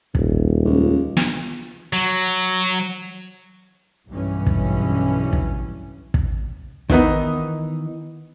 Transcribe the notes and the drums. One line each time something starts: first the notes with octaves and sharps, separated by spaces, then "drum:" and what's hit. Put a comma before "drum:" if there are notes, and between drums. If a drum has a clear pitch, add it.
D#1, drum: kick
C#2
drum: snare
F#3
B1 G2 B2 E3 C#4
drum: kick
drum: kick
drum: kick
D#3 E3 B3 D#4, drum: kick